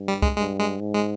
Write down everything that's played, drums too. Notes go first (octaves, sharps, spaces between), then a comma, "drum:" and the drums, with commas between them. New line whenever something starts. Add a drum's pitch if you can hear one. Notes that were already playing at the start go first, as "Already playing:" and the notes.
Already playing: G2
G3
G#3, drum: kick C2
G2 G#3
G#3
G#2
G#3